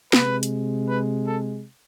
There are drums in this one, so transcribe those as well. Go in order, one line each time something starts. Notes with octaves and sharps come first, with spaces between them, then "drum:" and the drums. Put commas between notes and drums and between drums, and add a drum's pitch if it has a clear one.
C3 G#3 B4, drum: snare
drum: hi-hat
B4
A4